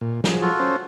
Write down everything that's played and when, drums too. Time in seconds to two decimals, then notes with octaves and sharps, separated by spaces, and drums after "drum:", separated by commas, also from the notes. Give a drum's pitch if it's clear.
0.01 A#2
0.24 F3 F#3 G#4, drum: snare
0.42 F4 F#4 A4
0.60 C#4 C5